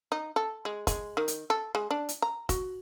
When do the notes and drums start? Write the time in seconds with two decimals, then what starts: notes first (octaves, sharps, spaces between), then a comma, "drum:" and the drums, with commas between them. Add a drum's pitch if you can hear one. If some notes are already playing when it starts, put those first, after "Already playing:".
0.12 D#4
0.36 A4
0.65 G#3
0.87 G#3, drum: kick, hi-hat
1.17 D#3
1.28 drum: hi-hat
1.50 A4
1.75 G#3
1.91 D4
2.09 drum: hi-hat
2.22 A#5
2.49 F#4, drum: kick, hi-hat